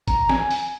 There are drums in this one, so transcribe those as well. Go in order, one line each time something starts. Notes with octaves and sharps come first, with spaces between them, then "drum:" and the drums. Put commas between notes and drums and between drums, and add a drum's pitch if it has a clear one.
A#5, drum: kick, hi-hat
G#5, drum: snare
drum: open hi-hat